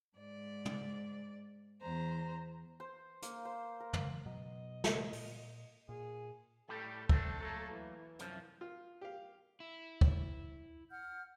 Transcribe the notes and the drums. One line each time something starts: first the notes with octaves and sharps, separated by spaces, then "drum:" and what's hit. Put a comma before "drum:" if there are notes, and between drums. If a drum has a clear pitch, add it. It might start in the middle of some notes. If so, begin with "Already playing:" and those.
G#2 D5
drum: tom
E2 C5 A#5
C5
A#3, drum: hi-hat
C5
A#4
drum: tom
B2 F#3 D#5
drum: snare
A#2, drum: open hi-hat
A#2 G#4
A2 G3 G4 A4
A3 C4 D4 A4, drum: kick
F#3 A3 A#3
E3
C2 F#2 F3, drum: hi-hat
F4
G4 F5
E4
drum: kick
F#5 F6 G6